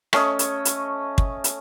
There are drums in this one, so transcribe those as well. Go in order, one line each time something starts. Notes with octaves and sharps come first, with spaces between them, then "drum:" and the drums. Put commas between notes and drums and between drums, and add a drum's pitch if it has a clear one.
A3 C#4 C#5 D#5, drum: rim click
drum: hi-hat
drum: hi-hat
drum: kick
drum: hi-hat